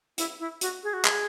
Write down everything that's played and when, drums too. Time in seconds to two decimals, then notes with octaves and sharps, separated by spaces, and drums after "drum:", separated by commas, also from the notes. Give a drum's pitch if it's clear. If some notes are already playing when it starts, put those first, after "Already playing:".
0.18 E4, drum: hi-hat
0.40 E4
0.61 F#4, drum: hi-hat
0.84 G#4
0.93 F#4
1.05 G#4, drum: clap